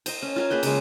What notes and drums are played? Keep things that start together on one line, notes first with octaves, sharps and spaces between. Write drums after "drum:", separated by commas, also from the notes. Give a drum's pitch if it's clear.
C5 D#5, drum: cymbal
C#4
F4 A#4 G#5
A#3 G#4 B4 G5
C#3 G#3, drum: cymbal